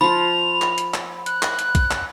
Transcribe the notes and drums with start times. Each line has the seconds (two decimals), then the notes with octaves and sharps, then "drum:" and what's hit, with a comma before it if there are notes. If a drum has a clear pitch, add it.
0.01 F3 F4 B5 F7
0.62 drum: clap
0.78 drum: hi-hat
0.94 drum: clap
1.26 F#6, drum: hi-hat
1.42 drum: clap
1.59 drum: hi-hat
1.75 drum: kick B1, hi-hat
1.91 drum: clap